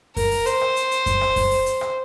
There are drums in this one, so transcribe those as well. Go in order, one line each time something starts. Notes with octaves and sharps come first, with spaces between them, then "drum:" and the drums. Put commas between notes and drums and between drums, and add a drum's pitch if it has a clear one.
A#4, drum: kick F#2, open hi-hat
drum: open hi-hat
C5, drum: hi-hat
drum: rim click
drum: hi-hat
drum: hi-hat
drum: kick F#2, hi-hat
drum: rim click
drum: kick F#2, open hi-hat
drum: open hi-hat
drum: hi-hat
drum: rim click